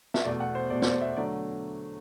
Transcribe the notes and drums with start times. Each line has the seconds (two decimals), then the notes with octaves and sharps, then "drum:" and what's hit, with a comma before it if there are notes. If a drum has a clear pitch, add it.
0.14 E5, drum: snare
0.25 E2 B2 A3 D5
0.40 F#5
0.55 C5
0.70 E2 B2 A3 D5
0.82 C5, drum: snare
0.86 D5
1.01 E5
1.17 D3 F#3 A3 D5